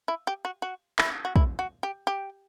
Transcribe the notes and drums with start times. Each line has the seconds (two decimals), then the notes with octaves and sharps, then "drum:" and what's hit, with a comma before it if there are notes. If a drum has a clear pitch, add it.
0.08 E4
0.27 G4
0.45 F#4
0.62 F#4
0.99 E4, drum: clap
1.25 F#4
1.36 E4, drum: kick
1.59 F#4
1.83 G4
2.07 G4